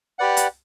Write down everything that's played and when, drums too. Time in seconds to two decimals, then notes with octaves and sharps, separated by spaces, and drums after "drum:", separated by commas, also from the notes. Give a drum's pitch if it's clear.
0.19 G4 B4 D5 F#5
0.37 drum: hi-hat